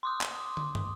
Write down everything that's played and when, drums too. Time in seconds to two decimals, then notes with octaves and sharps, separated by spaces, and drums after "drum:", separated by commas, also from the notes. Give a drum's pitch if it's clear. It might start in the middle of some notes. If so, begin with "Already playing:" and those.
0.03 C6 D6 D#6
0.21 drum: clap
0.57 drum: tom
0.75 drum: tom